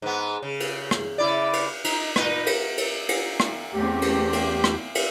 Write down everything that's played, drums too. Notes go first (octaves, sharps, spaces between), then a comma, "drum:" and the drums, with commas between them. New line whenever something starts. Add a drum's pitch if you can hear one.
G#2 B3
C#3
drum: cymbal
drum: rim click
C#3 E4 D5
drum: cymbal
D#4, drum: cymbal
A#2 D#4 B4, drum: rim click
drum: cymbal
drum: cymbal
drum: cymbal
drum: rim click
E2 A3 C4 C#4 G4
drum: cymbal
drum: cymbal
drum: rim click
drum: cymbal